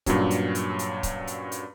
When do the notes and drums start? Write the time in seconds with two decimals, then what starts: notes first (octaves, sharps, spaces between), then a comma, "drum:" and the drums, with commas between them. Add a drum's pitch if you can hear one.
0.06 G2 A#2 F#3 C#4, drum: kick C#1, hi-hat
0.31 drum: hi-hat
0.55 drum: hi-hat
0.79 drum: hi-hat
1.03 drum: kick C#1, hi-hat
1.27 drum: hi-hat
1.52 drum: hi-hat